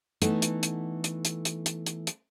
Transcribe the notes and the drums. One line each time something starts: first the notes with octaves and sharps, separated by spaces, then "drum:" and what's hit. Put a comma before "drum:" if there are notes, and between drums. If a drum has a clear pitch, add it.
E3 A3 B3 D#4 A4, drum: hi-hat
drum: hi-hat
drum: hi-hat
drum: hi-hat
drum: hi-hat
drum: hi-hat
drum: hi-hat
drum: hi-hat
drum: hi-hat